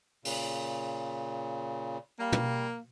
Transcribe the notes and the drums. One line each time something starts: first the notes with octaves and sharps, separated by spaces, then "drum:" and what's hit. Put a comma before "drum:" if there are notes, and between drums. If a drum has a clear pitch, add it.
A#2 C#3, drum: open hi-hat
G3 A#3
drum: tom